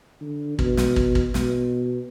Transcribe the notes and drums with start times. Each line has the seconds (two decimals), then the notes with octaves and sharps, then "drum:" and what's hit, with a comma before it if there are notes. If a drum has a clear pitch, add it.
0.21 D3
0.59 B2, drum: kick
0.77 drum: snare
0.96 drum: kick
1.15 drum: kick
1.34 B2, drum: snare